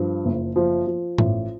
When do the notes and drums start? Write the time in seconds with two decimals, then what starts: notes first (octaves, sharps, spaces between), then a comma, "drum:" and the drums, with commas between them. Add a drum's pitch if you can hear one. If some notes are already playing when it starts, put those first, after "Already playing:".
Already playing: G2 F3
0.25 F#1
0.56 F3
0.87 F3
1.18 A1, drum: tom G2